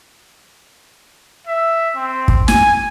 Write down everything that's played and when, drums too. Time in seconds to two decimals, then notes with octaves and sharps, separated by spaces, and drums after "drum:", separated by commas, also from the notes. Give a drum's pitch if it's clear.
1.47 E5
1.96 C4
2.28 drum: kick
2.48 G#5, drum: snare